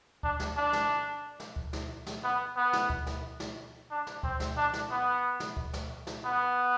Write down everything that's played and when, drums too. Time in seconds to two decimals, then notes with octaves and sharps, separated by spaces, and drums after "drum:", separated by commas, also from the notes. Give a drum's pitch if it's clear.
0.23 D4, drum: kick D2
0.40 drum: snare
0.57 D4
0.73 drum: snare
1.40 drum: snare
1.56 drum: kick D2
1.73 drum: snare
2.06 drum: snare
2.23 B3
2.57 B3
2.73 drum: snare
2.90 drum: kick D2
3.07 drum: snare
3.40 drum: snare
3.90 D4
4.07 drum: snare
4.23 C4, drum: kick D2
4.40 drum: snare
4.56 D4
4.73 drum: snare
4.91 B3
5.40 drum: snare
5.57 drum: kick D2
5.73 drum: snare
6.07 drum: snare
6.24 B3